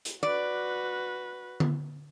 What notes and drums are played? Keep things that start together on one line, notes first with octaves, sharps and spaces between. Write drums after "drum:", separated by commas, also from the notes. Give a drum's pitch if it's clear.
drum: hi-hat
F#4 B4 D5
drum: tom D3